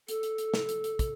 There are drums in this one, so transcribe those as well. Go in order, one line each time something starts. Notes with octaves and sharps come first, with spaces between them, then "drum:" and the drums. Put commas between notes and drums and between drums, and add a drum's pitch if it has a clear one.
A4, drum: hi-hat
drum: hi-hat
drum: hi-hat
drum: snare
drum: hi-hat
drum: hi-hat
drum: kick, hi-hat